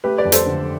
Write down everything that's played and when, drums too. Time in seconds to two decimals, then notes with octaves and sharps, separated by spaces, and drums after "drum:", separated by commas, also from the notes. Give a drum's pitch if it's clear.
0.04 A3 G4 B4
0.18 B4 D5
0.25 F2
0.32 A4 C5, drum: hi-hat
0.46 D3